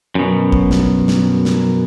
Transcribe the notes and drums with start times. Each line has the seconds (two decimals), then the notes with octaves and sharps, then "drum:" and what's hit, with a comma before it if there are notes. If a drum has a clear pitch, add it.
0.15 F#2 B2
0.52 drum: kick A1
0.71 drum: snare
1.08 drum: snare
1.45 drum: snare